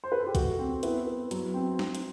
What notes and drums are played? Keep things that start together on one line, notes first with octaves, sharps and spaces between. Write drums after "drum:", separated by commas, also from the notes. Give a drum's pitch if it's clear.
C5
B4
A4
G4
A3 F#4, drum: kick B1, hi-hat
C4
B3 E4, drum: hi-hat
B3
F#3, drum: hi-hat
C4
C4, drum: snare
drum: hi-hat